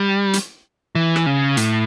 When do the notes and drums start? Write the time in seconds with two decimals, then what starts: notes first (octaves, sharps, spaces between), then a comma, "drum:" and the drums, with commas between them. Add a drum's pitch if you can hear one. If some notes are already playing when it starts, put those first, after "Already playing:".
Already playing: G3
0.33 drum: hi-hat
0.95 E3
1.16 drum: rim click
1.26 C#3
1.57 A2, drum: hi-hat